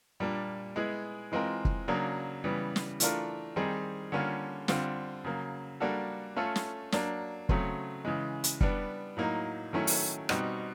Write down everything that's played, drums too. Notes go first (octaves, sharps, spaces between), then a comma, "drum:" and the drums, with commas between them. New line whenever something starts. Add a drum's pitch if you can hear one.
A#2 G3 A#3 D4
G#3 B3 E4 G#4
E3 G#3 C4 F4 A#4
drum: kick
C#3 F#3 A#3 D4
C#3 E3 G3 B3
drum: snare
E3 A3 D4 F4 A#4, drum: hi-hat
D#3 G3 C4 D#4 G#4
D3 G3 A#3 C#4 F4
D3 G3 C4 F4, drum: snare
C#3 F#3 A#3
G3 A#3 D4 F#4 A4
A3 C#4 F4 A4
drum: snare
F#3 A#3 D4, drum: snare
C#3 F#3 A3 C4, drum: kick
C#3 E3 G#3
drum: hi-hat
G3 B3 D4, drum: kick
A2 F#3 A#3 D#4
D#3 F#3 A3 C#4 E4
drum: open hi-hat
B2 G3 C4 D#4 F#4, drum: rim click